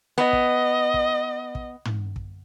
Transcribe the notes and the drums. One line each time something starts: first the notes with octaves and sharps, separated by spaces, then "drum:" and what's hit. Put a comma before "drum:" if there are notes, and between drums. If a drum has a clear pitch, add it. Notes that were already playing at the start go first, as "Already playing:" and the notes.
B3 D#5
drum: kick
drum: kick
drum: kick
drum: tom
drum: kick